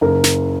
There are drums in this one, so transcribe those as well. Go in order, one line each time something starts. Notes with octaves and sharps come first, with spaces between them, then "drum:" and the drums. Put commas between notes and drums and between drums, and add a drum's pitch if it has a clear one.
F#1 A#4
drum: snare